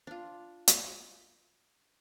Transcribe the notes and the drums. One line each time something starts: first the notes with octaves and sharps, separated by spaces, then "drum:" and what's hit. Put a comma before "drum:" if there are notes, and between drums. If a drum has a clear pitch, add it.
D4 F4
drum: hi-hat